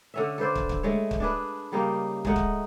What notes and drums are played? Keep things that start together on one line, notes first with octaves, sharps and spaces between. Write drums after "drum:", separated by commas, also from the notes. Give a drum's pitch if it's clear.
D3 C#4 E5
A4 B4 C5 D5
drum: kick
drum: kick
G#3 A3 C#5
drum: kick
D4 G#4 B4
C#3 G3 A#3 D#4
G#3 A3 D#4 F#5, drum: kick
drum: kick